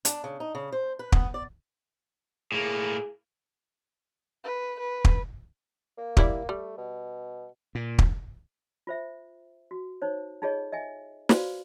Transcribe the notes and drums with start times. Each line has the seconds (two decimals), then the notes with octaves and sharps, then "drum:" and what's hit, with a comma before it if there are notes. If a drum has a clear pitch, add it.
0.05 D4, drum: hi-hat
0.24 C#3
0.40 D#4
0.55 C#3
0.72 C5
0.99 B4
1.12 B3, drum: kick
1.34 D5
2.52 A2 A#3 G#4
4.44 B4
4.79 B4
5.05 drum: kick
5.98 A#3
6.17 G3 E4 D5, drum: kick
6.49 G3 A3
6.77 B2
7.75 A#2
7.99 drum: kick
8.87 F4 C5 E5
9.71 F#4
10.02 D#4 C5 C#5
10.42 D#4 F4 G#4 A4 C#5 D#5
10.72 D#5 E5 G#5
11.29 F4 F#4 B4 C5 D5 F5, drum: snare